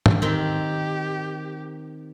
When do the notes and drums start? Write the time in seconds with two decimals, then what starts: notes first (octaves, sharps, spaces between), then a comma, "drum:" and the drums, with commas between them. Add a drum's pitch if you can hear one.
0.06 drum: tom
0.22 D#3 C4 G4